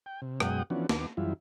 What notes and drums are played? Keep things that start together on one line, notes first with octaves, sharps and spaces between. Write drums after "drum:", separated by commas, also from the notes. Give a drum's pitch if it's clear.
G5
C3
F#2 B2 G#3 F#5 G5 D#6, drum: rim click
E3 F3 B3 C#4 D4 F#4
D#2 B3 D6, drum: snare
F#2 E3 G3 E4 F4